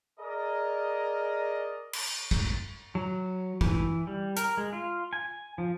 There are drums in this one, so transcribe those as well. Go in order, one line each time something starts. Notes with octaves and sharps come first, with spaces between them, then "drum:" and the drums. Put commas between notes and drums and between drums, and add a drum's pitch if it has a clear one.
G#4 A#4 D5 D#5
drum: cymbal
drum: kick
F#3
E3, drum: kick
G3
A#4, drum: hi-hat
G#3
F4
G#5
F3